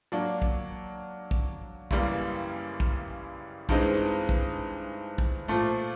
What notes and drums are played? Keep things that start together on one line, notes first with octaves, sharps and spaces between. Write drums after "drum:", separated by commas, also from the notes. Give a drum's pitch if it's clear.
F#3 A#3 D4
drum: kick
drum: kick
F#2 C#3 E3 G3 A#3, drum: kick
drum: kick
G2 E3 G#3 C4 D#4, drum: kick
drum: kick
drum: kick
A#2 F3 A3